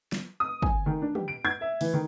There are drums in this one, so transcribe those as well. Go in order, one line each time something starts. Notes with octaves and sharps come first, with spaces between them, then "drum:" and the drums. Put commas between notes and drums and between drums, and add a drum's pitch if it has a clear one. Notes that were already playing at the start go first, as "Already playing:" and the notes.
drum: snare
D#6
G#5, drum: kick
D#3
D4
G4, drum: tom
D7
G#6
E5
E3, drum: open hi-hat
D#3